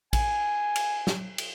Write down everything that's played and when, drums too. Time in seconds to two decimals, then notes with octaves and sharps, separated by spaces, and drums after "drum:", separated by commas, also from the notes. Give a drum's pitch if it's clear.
0.13 G#5, drum: kick A1, cymbal
0.76 drum: cymbal
1.07 drum: snare
1.38 drum: cymbal